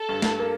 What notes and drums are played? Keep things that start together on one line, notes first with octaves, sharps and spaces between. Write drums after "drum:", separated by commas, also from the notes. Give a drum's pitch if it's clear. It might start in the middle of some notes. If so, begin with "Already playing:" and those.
Already playing: A4
G2
drum: snare
A#3